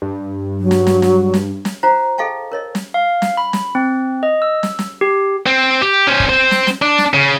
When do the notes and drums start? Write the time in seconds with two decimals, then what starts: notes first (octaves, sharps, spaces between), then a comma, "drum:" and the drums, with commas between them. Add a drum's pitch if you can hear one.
0.02 G2
0.61 F#3
0.71 drum: snare
0.87 drum: snare
1.02 drum: snare
1.34 drum: snare
1.65 drum: snare
1.83 F4 C5 F#5 A#5
2.18 G#4 A4 D#5 F5 G5 A5
2.52 A#4 C#5 D#5
2.75 drum: snare
2.94 F5
3.22 drum: snare
3.37 B5
3.53 drum: snare
3.75 C4
4.23 D#5
4.42 E6
4.63 drum: snare
4.79 drum: snare
5.01 G4
5.46 C4
5.82 G4
6.07 C#4 C5
6.20 drum: kick
6.29 C4 C5
6.51 drum: snare
6.67 drum: snare
6.82 D4
6.98 drum: snare
7.14 C#3